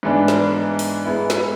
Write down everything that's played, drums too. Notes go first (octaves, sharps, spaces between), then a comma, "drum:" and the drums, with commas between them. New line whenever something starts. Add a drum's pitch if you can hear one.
G#2 E3 B3 D4
drum: snare
drum: open hi-hat
G#3 B3 E4
drum: snare